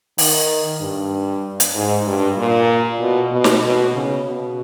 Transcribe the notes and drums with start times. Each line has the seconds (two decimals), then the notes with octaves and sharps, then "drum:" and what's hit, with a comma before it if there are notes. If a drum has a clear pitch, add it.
0.18 D#3, drum: open hi-hat
0.81 G2
1.60 drum: hi-hat
1.75 G#2
2.07 G2
2.37 A#2
3.00 B2
3.32 B2
3.44 drum: snare
3.63 B2
3.94 C#3
4.26 B2